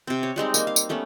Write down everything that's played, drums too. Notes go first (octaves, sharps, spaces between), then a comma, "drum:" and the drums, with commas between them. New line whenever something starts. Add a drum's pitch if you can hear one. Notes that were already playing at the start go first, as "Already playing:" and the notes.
C3 C4
C#5
G3 G#3 C4 D#4
A#3 C4, drum: tambourine
F5
drum: tambourine
G3 A3 B3 C#4